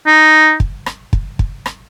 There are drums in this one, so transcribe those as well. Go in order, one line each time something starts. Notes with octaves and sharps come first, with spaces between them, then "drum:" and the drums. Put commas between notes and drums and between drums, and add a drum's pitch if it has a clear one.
D#4
drum: kick
drum: rim click
drum: kick
drum: kick
drum: rim click